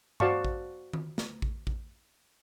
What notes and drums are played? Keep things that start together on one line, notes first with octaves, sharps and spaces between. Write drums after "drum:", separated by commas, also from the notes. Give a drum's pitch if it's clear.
F#4 C5 D5 F5 A5 C#6, drum: tom G2
drum: kick A1
drum: tom D#3
drum: snare
drum: kick A1
drum: kick A1